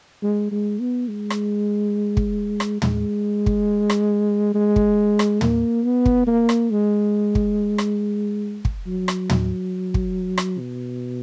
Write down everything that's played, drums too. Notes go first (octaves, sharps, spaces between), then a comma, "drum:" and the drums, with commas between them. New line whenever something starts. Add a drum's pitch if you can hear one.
G#3
G#3
B3
G#3
drum: rim click
drum: kick
drum: rim click
G#3, drum: tom
drum: kick
drum: rim click
G#3
drum: kick
drum: rim click
A#3, drum: tom
B3
drum: kick
A#3
drum: rim click
G#3
drum: kick
drum: rim click
drum: kick
F#3
drum: rim click
drum: tom
drum: kick
drum: rim click
B2